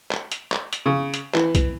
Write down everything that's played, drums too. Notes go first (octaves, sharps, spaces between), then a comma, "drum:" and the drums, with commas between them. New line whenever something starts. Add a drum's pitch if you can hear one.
drum: clap
drum: hi-hat
drum: clap
drum: hi-hat
C#3
drum: hi-hat
E3, drum: clap
drum: kick, hi-hat